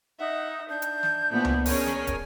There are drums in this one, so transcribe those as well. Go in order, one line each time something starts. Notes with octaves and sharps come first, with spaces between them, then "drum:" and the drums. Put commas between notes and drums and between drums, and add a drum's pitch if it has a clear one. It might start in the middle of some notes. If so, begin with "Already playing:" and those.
D#4 E5 F#5
D4 G6
drum: hi-hat
drum: snare
A#2 E3 F3 A3 B3
drum: tom C#2
C#4 G#4 A#4 C#5 G#5, drum: open hi-hat
drum: snare
drum: kick, hi-hat